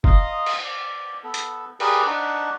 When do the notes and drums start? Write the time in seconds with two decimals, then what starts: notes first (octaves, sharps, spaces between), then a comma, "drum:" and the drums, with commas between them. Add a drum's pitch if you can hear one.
0.04 D#5 F5 A#5 C6 D#6, drum: kick
0.46 drum: cymbal
0.63 D5
1.24 B3 A4
1.34 drum: hi-hat
1.80 G4 G#4 A#4 B4 D5, drum: cymbal
2.07 D4 D#4 F#5 A5 C#6